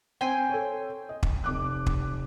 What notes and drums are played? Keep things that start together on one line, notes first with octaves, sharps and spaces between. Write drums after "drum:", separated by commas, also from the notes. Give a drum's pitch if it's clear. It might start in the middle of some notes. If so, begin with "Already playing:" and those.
C4 G5 G#5 C6
A4 C#5
D#5
drum: kick
F1 D6 F#6
drum: kick